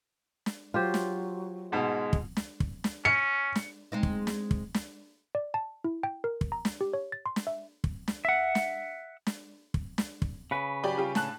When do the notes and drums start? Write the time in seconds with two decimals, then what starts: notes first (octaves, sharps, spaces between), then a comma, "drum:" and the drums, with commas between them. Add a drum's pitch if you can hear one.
0.46 drum: snare
0.74 F#3 F4 G4 C5
0.94 drum: snare
1.72 G#2 B2 G#3
2.13 drum: kick
2.37 drum: snare
2.60 drum: kick
2.84 drum: snare
3.05 C#4 C#7
3.55 drum: snare
3.92 G#3 C4 D#4
4.03 drum: kick
4.27 drum: snare
4.51 drum: kick
4.74 drum: snare
5.35 D5
5.54 A5
5.84 E4
6.03 G5
6.24 A#4
6.41 drum: kick
6.52 A#5
6.65 drum: snare
6.81 G4
6.93 C#5
7.12 A6
7.26 C6
7.36 drum: snare
7.47 E5
7.84 drum: kick
8.08 drum: snare
8.25 E5 F#5
8.55 drum: snare
9.27 drum: snare
9.74 drum: kick
9.98 drum: snare
10.22 drum: kick
10.51 C#3 B4
10.84 F#3 G4 D5
10.97 G3 F4 G4
11.15 A2 A5 F#6, drum: snare